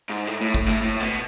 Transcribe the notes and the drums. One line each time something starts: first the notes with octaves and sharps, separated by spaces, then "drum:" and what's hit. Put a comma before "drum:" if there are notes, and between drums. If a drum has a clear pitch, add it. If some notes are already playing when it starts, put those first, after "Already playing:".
G#2
A2
A2
drum: kick
A2, drum: clap
A2
B2